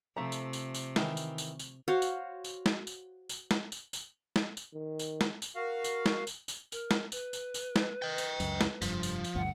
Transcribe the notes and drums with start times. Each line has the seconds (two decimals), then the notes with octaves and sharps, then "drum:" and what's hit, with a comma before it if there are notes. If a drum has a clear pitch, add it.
0.17 C3 F3 A3 A#5
0.32 drum: tambourine
0.53 drum: tambourine
0.74 drum: tambourine
0.96 D#3 E3, drum: snare
1.17 drum: tambourine
1.38 drum: tambourine
1.59 drum: tambourine
1.88 F#4 C5 C#5 F5
2.02 drum: tambourine
2.44 drum: tambourine
2.66 drum: snare
2.87 drum: tambourine
3.29 drum: tambourine
3.51 drum: snare
3.72 drum: tambourine
3.93 drum: tambourine
4.36 drum: snare
4.57 drum: tambourine
4.73 D#3
4.99 drum: tambourine
5.21 drum: snare
5.42 drum: tambourine
5.55 F#4 A#4 F5
5.84 drum: tambourine
6.06 drum: snare
6.27 drum: tambourine
6.48 drum: tambourine
6.72 A#4, drum: tambourine
6.91 drum: snare
7.12 B4, drum: tambourine
7.33 drum: tambourine
7.54 drum: tambourine
7.76 drum: snare
8.02 D#5 G5
8.18 drum: tambourine
8.40 C#2 F#2, drum: tambourine
8.61 drum: snare
8.82 F1 G2 F3, drum: tambourine
9.03 drum: tambourine
9.24 drum: tambourine
9.35 G1 D2 G2 F#5